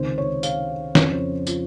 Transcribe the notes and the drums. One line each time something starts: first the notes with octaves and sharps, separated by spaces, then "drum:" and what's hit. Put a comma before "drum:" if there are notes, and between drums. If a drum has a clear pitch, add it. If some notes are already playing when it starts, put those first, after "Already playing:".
Already playing: C#2 C3 D#3 C5
C#5
F5, drum: tambourine
F2 C#3 F3 C#5, drum: snare
C5
F4, drum: tambourine